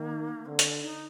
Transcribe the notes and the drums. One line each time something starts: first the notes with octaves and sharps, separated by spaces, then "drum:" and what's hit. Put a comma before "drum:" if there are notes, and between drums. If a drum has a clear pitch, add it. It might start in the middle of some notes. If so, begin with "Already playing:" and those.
Already playing: D#3 A#3
D3 C4
drum: hi-hat
D#4